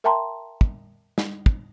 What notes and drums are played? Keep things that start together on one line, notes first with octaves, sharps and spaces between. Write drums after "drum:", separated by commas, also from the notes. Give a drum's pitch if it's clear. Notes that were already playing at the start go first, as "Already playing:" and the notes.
A#4 E5 G5 A5 A#5 C6
drum: kick
drum: snare
drum: kick